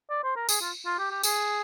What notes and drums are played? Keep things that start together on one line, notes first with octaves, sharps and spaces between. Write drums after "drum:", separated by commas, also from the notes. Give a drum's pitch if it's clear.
D5
C5
A#4
G#4, drum: tambourine
F4
F4
G4
G4
G#4, drum: tambourine